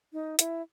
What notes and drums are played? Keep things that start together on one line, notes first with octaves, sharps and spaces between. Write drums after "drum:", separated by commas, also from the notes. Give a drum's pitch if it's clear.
D#4
E4, drum: hi-hat